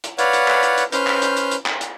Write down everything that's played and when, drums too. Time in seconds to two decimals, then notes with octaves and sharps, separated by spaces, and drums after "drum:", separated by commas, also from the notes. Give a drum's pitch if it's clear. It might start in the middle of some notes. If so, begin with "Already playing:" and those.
0.04 drum: hi-hat
0.18 B4 C#5 D5 F5 F#5, drum: hi-hat
0.33 drum: hi-hat
0.48 drum: clap
0.63 drum: hi-hat
0.78 drum: hi-hat
0.92 C#4 B4 C5 F6 G6, drum: hi-hat
1.07 drum: clap
1.22 drum: hi-hat
1.37 drum: hi-hat
1.51 drum: hi-hat
1.66 drum: clap
1.81 drum: hi-hat